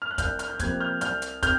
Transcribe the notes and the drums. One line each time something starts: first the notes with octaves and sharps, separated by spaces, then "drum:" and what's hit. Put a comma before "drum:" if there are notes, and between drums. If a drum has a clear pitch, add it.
F6
F#6
C2 F6 G6, drum: kick, hi-hat
F6 G6, drum: hi-hat
G6
C3 F3 A#3 F#6 G#6, drum: kick, hi-hat
F6 G6
C2 F6 G6, drum: hi-hat
drum: hi-hat
C3 F6 G6, drum: kick, hi-hat